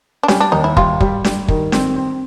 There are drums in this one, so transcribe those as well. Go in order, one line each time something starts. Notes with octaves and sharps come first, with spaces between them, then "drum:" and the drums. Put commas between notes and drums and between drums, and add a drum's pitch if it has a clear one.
D4
G3 C#4, drum: snare D4
D4
D#2 D#4
E4
G3 F4, drum: kick
G3, drum: kick
G3, drum: snare D4
D#3, drum: kick
C4, drum: snare D4
C4